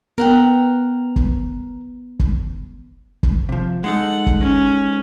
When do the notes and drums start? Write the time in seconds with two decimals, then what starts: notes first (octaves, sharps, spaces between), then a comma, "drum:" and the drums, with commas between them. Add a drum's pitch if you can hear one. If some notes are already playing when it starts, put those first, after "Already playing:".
0.18 B3 A#4 F#5 G5
1.16 drum: kick
2.19 drum: kick
3.23 drum: kick
3.49 C3 F3
3.84 G#3 D#4 A4 F#5
4.26 drum: kick
4.41 C#4